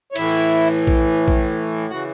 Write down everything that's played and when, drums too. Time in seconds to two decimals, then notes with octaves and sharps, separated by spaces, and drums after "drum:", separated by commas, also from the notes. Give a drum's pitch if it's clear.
0.12 C#5
0.16 A2 E3 E4 E5, drum: cymbal
0.87 drum: kick A#1
1.28 drum: kick A#1
1.90 C#3 E3 F#4 F#5